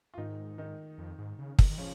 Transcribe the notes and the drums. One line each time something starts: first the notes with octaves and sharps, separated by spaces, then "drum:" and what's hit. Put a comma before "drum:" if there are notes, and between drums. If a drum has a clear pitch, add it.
F4
G#2 D#3 D#4
D#3 D#4
F2
G#2
C#3
D#3, drum: kick
D#3
C#3 F3 C#4